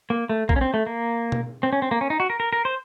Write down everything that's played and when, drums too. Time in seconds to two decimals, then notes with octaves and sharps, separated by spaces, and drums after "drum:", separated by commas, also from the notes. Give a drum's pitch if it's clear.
0.10 A#3
0.29 A3
0.49 A#3, drum: kick B1
0.56 C#4
0.61 C4
0.74 A3
0.86 A#3
1.32 drum: tom B2
1.63 C4
1.73 C#4
1.82 C4
1.91 A#3
2.01 C#4
2.10 D#4
2.20 F#4
2.30 A#4
2.40 A#4
2.53 A#4
2.65 C5